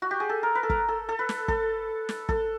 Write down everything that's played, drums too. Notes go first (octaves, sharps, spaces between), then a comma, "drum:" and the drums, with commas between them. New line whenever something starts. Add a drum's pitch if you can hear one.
F#4
G4
G#4
A4
A#4
B4
A4
A#4, drum: kick
A4
A4
B4
drum: snare
A4, drum: kick
drum: snare
A4, drum: kick